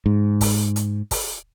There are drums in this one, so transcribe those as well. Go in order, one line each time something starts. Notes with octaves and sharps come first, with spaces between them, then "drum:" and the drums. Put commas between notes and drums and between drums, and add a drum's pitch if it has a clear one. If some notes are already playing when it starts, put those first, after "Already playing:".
G#2
drum: kick, open hi-hat
drum: hi-hat
drum: kick, open hi-hat